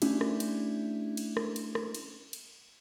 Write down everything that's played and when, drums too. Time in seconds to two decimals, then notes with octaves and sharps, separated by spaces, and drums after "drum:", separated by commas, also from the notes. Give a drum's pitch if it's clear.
0.02 A3 C#4 D4 E4 G4, drum: cymbal
0.21 drum: rim click
0.40 drum: cymbal
1.17 drum: cymbal
1.37 drum: rim click
1.56 drum: cymbal
1.75 drum: rim click
1.95 drum: cymbal
2.33 drum: cymbal